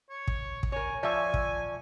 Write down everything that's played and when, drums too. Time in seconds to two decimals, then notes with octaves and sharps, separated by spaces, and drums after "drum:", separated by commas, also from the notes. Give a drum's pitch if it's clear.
0.10 C#5
0.28 drum: kick
0.63 drum: kick
0.72 A#4 C#5 G#5
1.03 F3 D5 E5 G#5 C#6
1.34 drum: kick